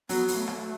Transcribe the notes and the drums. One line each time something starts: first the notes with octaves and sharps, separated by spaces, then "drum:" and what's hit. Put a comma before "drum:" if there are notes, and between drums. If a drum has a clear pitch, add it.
F#3 B3, drum: open hi-hat
B3, drum: open hi-hat
A3
drum: rim click
A3